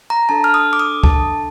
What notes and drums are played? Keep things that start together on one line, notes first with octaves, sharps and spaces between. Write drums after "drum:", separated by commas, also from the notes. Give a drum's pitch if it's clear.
A#5
D4 A4 A5
F6
D#6
D6
D#6
A5, drum: kick